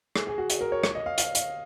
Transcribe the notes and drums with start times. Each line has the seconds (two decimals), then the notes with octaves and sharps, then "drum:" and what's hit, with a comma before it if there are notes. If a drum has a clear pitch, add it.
0.16 G#4, drum: rim click
0.27 G#4
0.38 F#4
0.50 G#4, drum: hi-hat
0.61 A#4
0.72 C#5
0.84 C#5, drum: rim click
0.95 D#5
1.06 F5
1.18 F5, drum: hi-hat
1.35 F5, drum: hi-hat